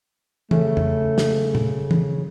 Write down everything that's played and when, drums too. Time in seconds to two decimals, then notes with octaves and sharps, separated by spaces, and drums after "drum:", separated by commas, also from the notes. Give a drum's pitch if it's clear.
0.51 C#3 A3, drum: tom
0.77 drum: tom
1.18 drum: snare
1.55 drum: tom
1.91 drum: tom